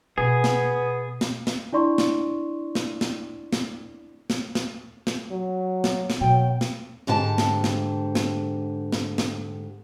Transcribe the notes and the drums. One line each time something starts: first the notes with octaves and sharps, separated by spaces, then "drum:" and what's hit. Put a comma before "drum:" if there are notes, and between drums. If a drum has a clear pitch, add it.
B2 B3 G#4
drum: snare
drum: snare
drum: snare
D4 E4 D5 C6 C#6
drum: snare
drum: snare
drum: snare
drum: snare
drum: snare
drum: snare
drum: snare
F#3
drum: snare
drum: snare
B2 F#3 G5
drum: snare
G#2 D3 G4 A5
drum: snare
drum: snare
drum: snare
drum: snare
drum: snare